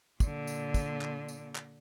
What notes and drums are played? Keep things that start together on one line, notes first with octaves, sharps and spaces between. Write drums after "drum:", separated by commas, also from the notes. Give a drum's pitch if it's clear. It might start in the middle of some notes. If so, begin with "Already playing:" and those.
A#2 D3, drum: kick, tambourine
drum: tambourine
drum: kick, tambourine
drum: clap
drum: tambourine
drum: clap